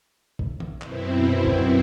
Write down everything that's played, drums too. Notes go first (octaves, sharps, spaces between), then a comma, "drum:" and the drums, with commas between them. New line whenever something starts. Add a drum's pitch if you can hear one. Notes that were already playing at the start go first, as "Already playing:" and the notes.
drum: kick A1
drum: tom D#3
F#2 B2 C4 E4, drum: clap
drum: kick A1